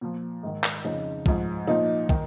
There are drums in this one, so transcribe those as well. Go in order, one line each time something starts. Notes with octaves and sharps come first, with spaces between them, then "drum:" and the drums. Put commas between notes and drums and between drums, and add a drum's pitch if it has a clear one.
A#2 F3
G#2 D#3
drum: clap
F2 C#3 F3 D#4
G#2 F3, drum: kick
A#2 F3 D#4
D#3, drum: kick